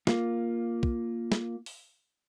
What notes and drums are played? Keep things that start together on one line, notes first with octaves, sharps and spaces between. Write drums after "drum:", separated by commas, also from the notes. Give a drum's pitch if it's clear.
A#3 F4, drum: snare
drum: kick
drum: snare
drum: open hi-hat